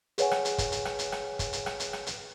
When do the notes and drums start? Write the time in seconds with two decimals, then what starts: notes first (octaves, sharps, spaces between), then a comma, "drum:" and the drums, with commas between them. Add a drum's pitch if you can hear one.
0.18 G#4 B4 C#5 F#5 G#5, drum: hi-hat
0.31 drum: rim click
0.45 drum: hi-hat
0.58 drum: kick, hi-hat
0.72 drum: hi-hat
0.85 drum: rim click
0.99 drum: hi-hat
1.12 drum: rim click
1.39 drum: kick, hi-hat
1.53 drum: hi-hat
1.66 drum: rim click
1.80 drum: hi-hat
1.93 drum: rim click
2.07 drum: hi-hat